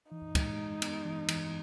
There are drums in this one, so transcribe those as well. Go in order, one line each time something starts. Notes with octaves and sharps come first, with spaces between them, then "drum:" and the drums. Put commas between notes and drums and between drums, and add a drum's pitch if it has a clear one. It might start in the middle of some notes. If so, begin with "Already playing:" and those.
E3 D#4
G#3, drum: kick, cymbal
G#3
B3, drum: cymbal
E3
E3, drum: cymbal